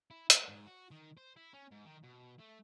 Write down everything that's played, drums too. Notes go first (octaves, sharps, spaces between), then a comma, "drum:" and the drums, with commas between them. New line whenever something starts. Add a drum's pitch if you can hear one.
E4
A3, drum: hi-hat
G#2
F#4
D#3
C5
E4
C#4
G#2
D#3
B2
A3